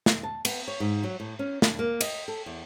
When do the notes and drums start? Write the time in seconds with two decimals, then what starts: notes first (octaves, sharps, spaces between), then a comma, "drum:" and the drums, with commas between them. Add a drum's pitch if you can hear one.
0.06 drum: snare
0.23 A5
0.45 B3, drum: cymbal
0.68 C#5
0.80 G#2
1.03 F#3
1.20 A2
1.39 C#4
1.62 D4, drum: snare
1.79 A#3
2.01 D#5, drum: cymbal
2.28 A4
2.46 E2